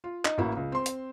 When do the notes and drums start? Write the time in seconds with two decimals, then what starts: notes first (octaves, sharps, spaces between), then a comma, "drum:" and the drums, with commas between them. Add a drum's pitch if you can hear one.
0.04 F4
0.25 D#4, drum: clap
0.38 A1 A#3 E4 F#4
0.57 C#2
0.72 C4 C6
0.86 drum: hi-hat